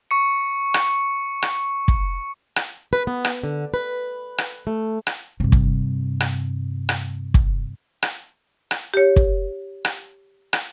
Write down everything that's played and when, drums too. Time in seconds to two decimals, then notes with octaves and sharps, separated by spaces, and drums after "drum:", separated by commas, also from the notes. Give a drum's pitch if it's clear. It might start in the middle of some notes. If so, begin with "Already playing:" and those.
0.11 C#6 C#7
0.74 drum: rim click
1.42 drum: rim click
1.88 drum: kick
2.56 drum: rim click
2.93 B4
3.07 B3
3.25 drum: rim click
3.44 D3
3.74 B4
4.38 drum: rim click
4.67 A3
5.07 drum: rim click
5.40 G2 C3
5.52 drum: kick
6.20 drum: rim click
6.89 drum: rim click
7.34 drum: kick
8.03 drum: rim click
8.71 drum: rim click
8.94 G4 C#5
9.16 drum: kick
9.85 drum: rim click
10.53 drum: rim click